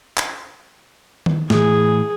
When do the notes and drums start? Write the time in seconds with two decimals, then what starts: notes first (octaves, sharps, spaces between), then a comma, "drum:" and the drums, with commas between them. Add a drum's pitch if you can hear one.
0.17 drum: clap
1.26 drum: tom D#3
1.50 A2 E3 G#4, drum: snare